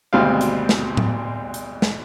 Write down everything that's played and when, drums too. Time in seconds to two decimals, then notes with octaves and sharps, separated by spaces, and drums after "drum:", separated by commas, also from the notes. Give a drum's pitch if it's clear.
0.13 G#1 D2 B2 G3 C4 F5
0.41 drum: hi-hat
0.69 drum: snare
0.97 drum: tom A2
1.54 drum: hi-hat
1.82 drum: snare